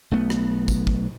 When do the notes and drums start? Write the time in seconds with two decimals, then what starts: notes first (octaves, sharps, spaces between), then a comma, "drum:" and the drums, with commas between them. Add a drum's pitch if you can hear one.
0.11 B1 A3 B3
0.30 drum: rim click
0.68 drum: kick, tambourine
0.87 drum: kick